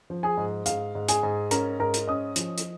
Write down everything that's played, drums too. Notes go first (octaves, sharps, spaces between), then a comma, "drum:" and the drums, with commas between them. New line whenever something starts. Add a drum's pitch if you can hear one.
F3
G#4 G#5
G#2
G#2 F5, drum: hi-hat
G#2
G#4 G#5, drum: hi-hat
G#2
C#4 A#4 A#5, drum: hi-hat
G#2 A#4 A#5
drum: hi-hat
C#4 D#5 D#6
F3, drum: hi-hat
drum: hi-hat